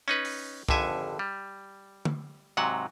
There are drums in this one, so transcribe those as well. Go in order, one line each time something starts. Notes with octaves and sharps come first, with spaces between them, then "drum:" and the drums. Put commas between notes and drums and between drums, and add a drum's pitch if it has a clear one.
C#4 D#4 B4
drum: open hi-hat
G#1 F2 D3 E5 G#5, drum: kick C2
G3
drum: tom
G#2 C3 F#3 F#5